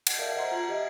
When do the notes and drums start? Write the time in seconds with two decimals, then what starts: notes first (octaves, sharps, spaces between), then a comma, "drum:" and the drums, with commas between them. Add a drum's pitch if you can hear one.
0.07 drum: cymbal
0.18 A#4 D5 E5 F5 A5
0.35 C5 D#5 E5 F#5 A#5 C6
0.51 F4 A#5 F7 F#7
0.68 G4 D#5 E5